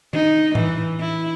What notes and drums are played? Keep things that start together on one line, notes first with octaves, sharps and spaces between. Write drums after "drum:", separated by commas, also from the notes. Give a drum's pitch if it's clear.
D#4, drum: tom D#3
E3, drum: tom A2
E4